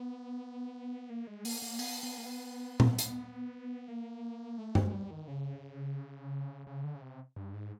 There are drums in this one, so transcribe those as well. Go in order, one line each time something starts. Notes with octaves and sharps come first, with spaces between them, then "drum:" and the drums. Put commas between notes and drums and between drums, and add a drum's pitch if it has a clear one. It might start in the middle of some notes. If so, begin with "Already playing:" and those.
Already playing: B3
A#3
G#3
A#3, drum: open hi-hat
A#3
B3, drum: open hi-hat
B3
A#3
B3
drum: tom A#2
drum: hi-hat
A#3
A3
G#3, drum: tom G2
G3
D#3
C#3
C#3
D3
C#3
C3
G2
G#2